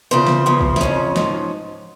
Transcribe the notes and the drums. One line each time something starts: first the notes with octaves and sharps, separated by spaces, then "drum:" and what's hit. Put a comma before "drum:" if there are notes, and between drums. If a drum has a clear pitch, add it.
E2 C#3 F3 C5
drum: snare
E2 C#3 F3
drum: kick
E4, drum: snare
F2 C#3 F3 C#4
G#2 F3, drum: snare